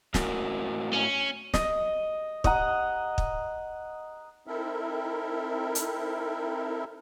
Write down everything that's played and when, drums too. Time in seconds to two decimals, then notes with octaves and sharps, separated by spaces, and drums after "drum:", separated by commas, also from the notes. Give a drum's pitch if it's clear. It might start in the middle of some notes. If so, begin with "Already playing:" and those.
0.14 A2 F#4 A#4, drum: snare
0.93 C#4
1.54 D#5, drum: snare
2.44 D#5 F#5 A#5, drum: kick
3.18 drum: kick
4.47 C4 D#4 E4 A4 A#4 E5
5.75 drum: hi-hat